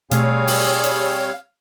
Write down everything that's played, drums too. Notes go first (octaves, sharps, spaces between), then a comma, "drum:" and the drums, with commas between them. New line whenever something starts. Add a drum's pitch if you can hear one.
B2 G3 A3 C4 G#4 C#5 F5, drum: hi-hat
drum: open hi-hat
drum: hi-hat